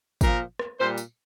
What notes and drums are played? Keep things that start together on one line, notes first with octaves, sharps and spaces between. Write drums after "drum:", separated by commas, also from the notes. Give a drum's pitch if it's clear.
A#2 F3 A#4, drum: kick, tambourine
drum: rim click
A#2 G3 C5
drum: tambourine